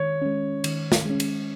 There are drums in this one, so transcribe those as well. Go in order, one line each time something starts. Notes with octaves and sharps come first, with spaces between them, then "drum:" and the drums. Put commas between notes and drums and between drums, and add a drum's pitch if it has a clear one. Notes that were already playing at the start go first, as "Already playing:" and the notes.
Already playing: D#3 G#3 C#5
G#3 C#4
D#3, drum: cymbal
drum: snare
G#3 C#4
drum: cymbal